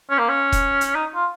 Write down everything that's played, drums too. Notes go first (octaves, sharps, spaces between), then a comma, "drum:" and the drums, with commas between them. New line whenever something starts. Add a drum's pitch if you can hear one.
C#4
A#3
C#4
drum: kick E1, hi-hat
drum: hi-hat
D#4
F4